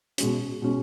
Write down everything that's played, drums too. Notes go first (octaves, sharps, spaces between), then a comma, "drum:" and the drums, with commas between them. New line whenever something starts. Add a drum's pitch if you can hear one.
B2 G#3 C#4, drum: hi-hat
B2 G#3 C#4